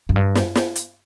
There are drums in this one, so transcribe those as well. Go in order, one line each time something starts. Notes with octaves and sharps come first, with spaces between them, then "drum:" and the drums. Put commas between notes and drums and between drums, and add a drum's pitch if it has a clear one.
F#2
G2
drum: snare
drum: snare
drum: hi-hat